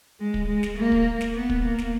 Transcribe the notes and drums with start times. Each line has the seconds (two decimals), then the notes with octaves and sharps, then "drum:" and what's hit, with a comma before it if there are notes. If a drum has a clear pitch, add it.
0.20 G#3
0.34 drum: kick
0.48 G#3
0.63 drum: snare
0.77 A#3
0.92 drum: kick
1.21 drum: snare
1.35 B3
1.50 drum: kick
1.64 A#3
1.78 drum: snare